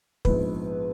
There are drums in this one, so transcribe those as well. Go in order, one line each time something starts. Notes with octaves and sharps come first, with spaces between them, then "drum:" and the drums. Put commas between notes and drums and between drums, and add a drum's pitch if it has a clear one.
A#1 G#2 F3 B3 D#4 B4, drum: kick